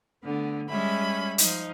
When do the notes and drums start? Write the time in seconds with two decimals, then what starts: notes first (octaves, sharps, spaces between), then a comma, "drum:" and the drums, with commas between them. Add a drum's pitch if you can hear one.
0.24 D3 A3 B3
0.69 G3 G#3 C#4 E5 B5
1.38 F3 D#4, drum: hi-hat